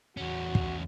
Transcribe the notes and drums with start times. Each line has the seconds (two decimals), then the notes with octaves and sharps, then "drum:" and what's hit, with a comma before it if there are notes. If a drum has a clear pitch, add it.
0.17 E2 C#4 F#4
0.55 drum: kick